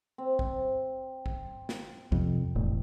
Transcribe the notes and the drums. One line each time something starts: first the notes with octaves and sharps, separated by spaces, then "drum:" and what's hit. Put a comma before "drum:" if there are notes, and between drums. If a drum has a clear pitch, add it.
C4
drum: kick A#1
drum: kick A#1
drum: snare
F2 C3, drum: kick A#1
E1 A2